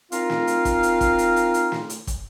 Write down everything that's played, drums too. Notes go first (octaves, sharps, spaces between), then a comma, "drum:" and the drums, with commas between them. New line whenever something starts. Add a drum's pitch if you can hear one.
C4 D#4 F4 A#4 F5, drum: hi-hat
drum: snare
drum: hi-hat
drum: kick, hi-hat
drum: hi-hat
drum: kick, hi-hat
drum: hi-hat
drum: hi-hat
drum: hi-hat
drum: snare
drum: hi-hat
drum: kick, hi-hat